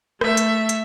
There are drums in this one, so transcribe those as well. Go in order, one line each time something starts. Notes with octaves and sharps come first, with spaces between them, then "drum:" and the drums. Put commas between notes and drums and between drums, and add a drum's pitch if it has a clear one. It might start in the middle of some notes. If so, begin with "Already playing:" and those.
A3 E5, drum: rim click
drum: hi-hat
drum: hi-hat